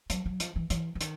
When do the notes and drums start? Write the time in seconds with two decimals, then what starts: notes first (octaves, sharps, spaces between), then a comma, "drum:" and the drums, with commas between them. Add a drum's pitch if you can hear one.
0.10 F#3, drum: hi-hat
0.26 F#3
0.40 F3, drum: hi-hat
0.56 E3
0.70 E3, drum: hi-hat
0.95 E3
1.01 D#3, drum: hi-hat